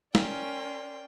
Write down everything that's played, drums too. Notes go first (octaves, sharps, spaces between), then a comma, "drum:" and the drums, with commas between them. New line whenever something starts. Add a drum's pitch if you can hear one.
C#4 A#4 D5 G5 C6, drum: snare